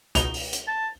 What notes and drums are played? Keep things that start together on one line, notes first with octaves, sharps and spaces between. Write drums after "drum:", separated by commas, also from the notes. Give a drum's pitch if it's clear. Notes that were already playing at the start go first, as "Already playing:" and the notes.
C#2 B2 D#4 F7 G7, drum: hi-hat
drum: open hi-hat
drum: hi-hat
A5